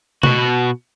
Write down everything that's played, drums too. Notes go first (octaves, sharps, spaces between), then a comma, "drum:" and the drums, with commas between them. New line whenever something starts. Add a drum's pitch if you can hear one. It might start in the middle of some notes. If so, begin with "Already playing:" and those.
B2 F#4, drum: tom